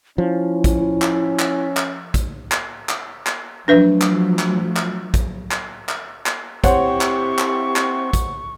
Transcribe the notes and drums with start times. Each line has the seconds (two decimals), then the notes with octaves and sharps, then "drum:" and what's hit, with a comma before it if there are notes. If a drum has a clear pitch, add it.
0.18 F3 C#4 E4
0.64 drum: kick, hi-hat
1.02 drum: clap
1.39 drum: clap
1.77 drum: clap
2.14 drum: kick, hi-hat
2.52 drum: clap
2.89 drum: clap
3.27 drum: clap
3.68 F3 F#3 A3 D4 B4 E5
4.01 drum: clap
4.39 drum: clap
4.76 drum: clap
5.14 drum: kick, hi-hat
5.51 drum: clap
5.89 drum: clap
6.26 drum: clap
6.64 C4 E4 G4 C5 C#5 F#5 C#6, drum: kick, hi-hat
7.01 drum: clap
7.39 drum: clap
7.76 drum: clap
8.13 drum: kick, hi-hat